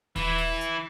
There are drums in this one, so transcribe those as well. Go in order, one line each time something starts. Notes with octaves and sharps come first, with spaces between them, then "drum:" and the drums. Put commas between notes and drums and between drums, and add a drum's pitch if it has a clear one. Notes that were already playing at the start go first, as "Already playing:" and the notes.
E3 E4, drum: kick D#1, open hi-hat
drum: open hi-hat
drum: hi-hat